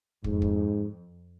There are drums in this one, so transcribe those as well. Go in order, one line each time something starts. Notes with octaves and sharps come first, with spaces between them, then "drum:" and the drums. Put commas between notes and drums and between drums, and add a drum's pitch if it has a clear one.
F2 G#2, drum: kick
drum: kick